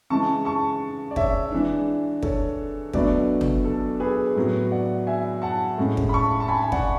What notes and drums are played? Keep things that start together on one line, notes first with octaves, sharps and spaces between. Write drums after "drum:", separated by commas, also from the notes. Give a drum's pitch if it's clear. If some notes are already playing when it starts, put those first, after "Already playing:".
C#3 E3 G#3 A5 C#6
A5 C#6
D5
C#5 E5, drum: kick
E3 G#3 D4
A4 C#5, drum: kick
B2 F#3 A3 D4 B4 D5, drum: kick
drum: tom
A4
G#4 B4
A2 F#3 B3
D5 F#5
E5 G#5
F#5 A5
A2 G#3 C#4
drum: kick
B5
A5 C#6
A5
G#5 B5
G#5
D5 F#5, drum: kick